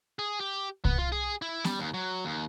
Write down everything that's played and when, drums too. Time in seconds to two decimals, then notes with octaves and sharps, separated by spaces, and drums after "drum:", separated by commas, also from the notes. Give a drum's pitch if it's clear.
0.19 G#4
0.40 G4
0.85 B3, drum: kick C2
0.98 F4
1.12 G#4
1.42 E4
1.64 G3, drum: snare B3
1.79 D#2
1.94 F#3
2.25 D#2